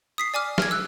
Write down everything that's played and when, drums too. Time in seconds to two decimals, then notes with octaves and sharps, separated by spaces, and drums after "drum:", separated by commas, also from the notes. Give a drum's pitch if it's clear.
0.18 D#6 B6 C7
0.34 D5 G#5 D6 F6
0.58 F6 G#6, drum: snare
0.71 E6 F#6